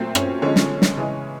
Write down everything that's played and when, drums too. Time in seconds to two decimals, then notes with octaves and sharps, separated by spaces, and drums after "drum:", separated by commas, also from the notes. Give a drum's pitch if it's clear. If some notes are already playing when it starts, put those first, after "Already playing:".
Already playing: A#2 F#3 A3 C4
0.15 C#4, drum: rim click
0.42 D3 F3 G#3 C#4
0.56 drum: snare
0.82 drum: snare
0.97 C#3 E3 G#3